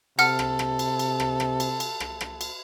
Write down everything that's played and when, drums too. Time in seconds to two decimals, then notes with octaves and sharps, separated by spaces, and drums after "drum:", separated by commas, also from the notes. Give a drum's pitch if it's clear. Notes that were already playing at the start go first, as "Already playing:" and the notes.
0.19 C3 A4 F#5 F6, drum: cymbal
0.39 drum: rim click
0.59 drum: rim click
0.79 drum: cymbal
0.99 drum: cymbal
1.20 drum: rim click
1.40 drum: rim click
1.60 drum: cymbal
1.80 drum: cymbal
2.00 drum: rim click
2.21 drum: rim click
2.41 drum: cymbal